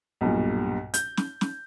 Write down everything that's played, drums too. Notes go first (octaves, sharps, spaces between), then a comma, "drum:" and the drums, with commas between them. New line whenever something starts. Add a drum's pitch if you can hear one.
B1 G2 A#2
G6, drum: hi-hat
drum: snare
drum: snare